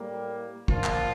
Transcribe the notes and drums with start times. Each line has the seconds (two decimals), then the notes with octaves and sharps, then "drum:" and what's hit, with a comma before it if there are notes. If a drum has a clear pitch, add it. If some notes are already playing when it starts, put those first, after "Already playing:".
Already playing: A2 G3 A#3
0.68 A#2 F3 A#3 F4, drum: kick
0.84 drum: clap